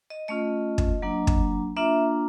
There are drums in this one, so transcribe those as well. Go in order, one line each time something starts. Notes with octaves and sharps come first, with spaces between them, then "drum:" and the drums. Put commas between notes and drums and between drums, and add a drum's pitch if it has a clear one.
D#5
A3 C#4 F4 D#5
drum: kick
F#3 A#3 D4
drum: kick
A#3 D4 F4 E5